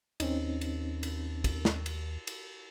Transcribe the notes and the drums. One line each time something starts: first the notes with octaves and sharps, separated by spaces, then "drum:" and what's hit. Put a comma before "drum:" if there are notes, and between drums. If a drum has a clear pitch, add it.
D#2 C4 C#4 D#4, drum: cymbal
drum: cymbal
drum: cymbal
drum: kick, cymbal
drum: snare
drum: cymbal
drum: cymbal